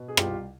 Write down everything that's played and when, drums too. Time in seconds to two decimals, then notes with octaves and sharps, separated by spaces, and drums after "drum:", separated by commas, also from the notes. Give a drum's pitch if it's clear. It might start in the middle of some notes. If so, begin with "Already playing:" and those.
Already playing: B2
0.08 G#4
0.17 C2 F4 G4, drum: rim click